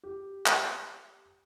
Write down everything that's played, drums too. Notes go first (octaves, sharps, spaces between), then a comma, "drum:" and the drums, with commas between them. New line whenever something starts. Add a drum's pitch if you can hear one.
G4
drum: clap